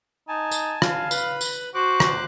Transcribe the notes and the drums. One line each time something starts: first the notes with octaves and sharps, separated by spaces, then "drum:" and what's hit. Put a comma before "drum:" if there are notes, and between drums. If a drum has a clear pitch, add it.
D#4 G#5 A5
drum: tambourine
F5, drum: rim click
B4 B5, drum: tambourine
drum: tambourine
F#4 C5 D6 F#6
drum: rim click